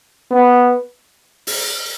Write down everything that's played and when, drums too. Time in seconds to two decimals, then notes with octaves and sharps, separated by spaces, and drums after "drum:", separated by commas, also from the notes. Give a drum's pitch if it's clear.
0.31 B3
1.47 drum: open hi-hat